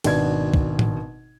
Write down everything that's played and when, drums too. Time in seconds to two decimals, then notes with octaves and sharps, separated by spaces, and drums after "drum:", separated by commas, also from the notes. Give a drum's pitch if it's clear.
0.04 G#1 B2 D4 G#6, drum: cymbal
0.54 drum: kick
0.79 drum: tom A2